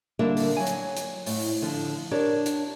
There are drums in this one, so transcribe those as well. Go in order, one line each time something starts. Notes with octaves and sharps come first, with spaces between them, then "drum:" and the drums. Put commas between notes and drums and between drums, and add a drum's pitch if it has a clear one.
D3 G3 A#3 D4 A#4 E5
drum: open hi-hat
F#3 G#5
drum: hi-hat
drum: hi-hat
A2, drum: open hi-hat
D3 F3
D4 G4 A#4 C#5 D5
drum: hi-hat